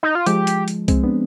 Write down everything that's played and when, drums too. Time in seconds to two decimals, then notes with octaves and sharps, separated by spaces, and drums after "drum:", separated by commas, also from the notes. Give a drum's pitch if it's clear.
0.03 D#4
0.15 F4
0.26 F3 G#3 G4, drum: hi-hat
0.47 drum: hi-hat
0.68 drum: hi-hat
0.88 G#3 C4, drum: kick C2, hi-hat
1.03 B3 D4